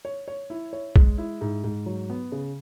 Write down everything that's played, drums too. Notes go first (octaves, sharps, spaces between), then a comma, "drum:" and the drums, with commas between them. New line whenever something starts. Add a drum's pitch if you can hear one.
C#5
C#5
E4
C#5
G#3, drum: kick B1
E4
G#2
G#2
F#3
B3
C#3